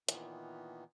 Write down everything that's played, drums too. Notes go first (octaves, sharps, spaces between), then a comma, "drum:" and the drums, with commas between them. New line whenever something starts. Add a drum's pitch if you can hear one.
A#2 D#3 E3 B3, drum: hi-hat